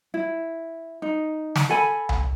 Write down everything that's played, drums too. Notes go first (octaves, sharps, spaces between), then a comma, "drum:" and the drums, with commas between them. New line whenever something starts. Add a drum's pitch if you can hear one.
E4
D#4
drum: snare
A4 G#5 B5
drum: tom C2